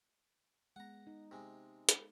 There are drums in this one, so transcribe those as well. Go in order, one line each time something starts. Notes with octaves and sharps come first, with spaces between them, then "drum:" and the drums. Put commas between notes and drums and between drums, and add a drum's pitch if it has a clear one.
G#3 B3 F#5 A#5
D#4
C3 G#3
drum: hi-hat